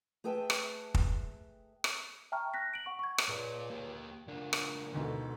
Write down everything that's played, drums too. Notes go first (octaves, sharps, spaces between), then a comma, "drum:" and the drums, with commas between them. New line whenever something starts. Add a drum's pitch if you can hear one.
A3 G#4 B4 E5 G5 A5
drum: rim click
drum: kick
drum: rim click
E5 G5 A5 A#5 C#6 F6
F#6 A#6 B6
D7 F#7
F#5 C#6
C#6 G#6
drum: rim click
C#2 A#2 D5
A#3 G4
C#2 A#2 D4
drum: rim click
D2 G#2 B2 A4